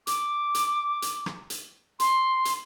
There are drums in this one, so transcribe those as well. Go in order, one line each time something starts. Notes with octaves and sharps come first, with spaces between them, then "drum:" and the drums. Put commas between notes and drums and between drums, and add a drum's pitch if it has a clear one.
D6, drum: hi-hat
drum: hi-hat
drum: hi-hat
drum: rim click
drum: hi-hat
C6, drum: hi-hat
drum: hi-hat